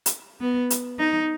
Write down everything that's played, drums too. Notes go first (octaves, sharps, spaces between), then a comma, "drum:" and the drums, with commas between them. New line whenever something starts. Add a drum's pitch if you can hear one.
drum: hi-hat
B3
drum: hi-hat
D#4